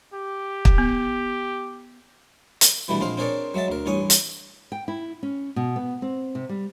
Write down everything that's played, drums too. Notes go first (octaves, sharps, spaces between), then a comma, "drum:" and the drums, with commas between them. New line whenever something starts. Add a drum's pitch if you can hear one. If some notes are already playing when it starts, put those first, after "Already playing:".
G4
drum: kick
B3
drum: hi-hat
B2 E3 G3 A3 D4
A#1 G#3 C4 F5
C4 D4 G#4 A#4 C#5 D5
F#3 G#3 E5 A5
D2 A#4
A1 G2 C#5 G#5 D#6
drum: hi-hat
G5
E4
C#4
B2
B3
C4
C3
G3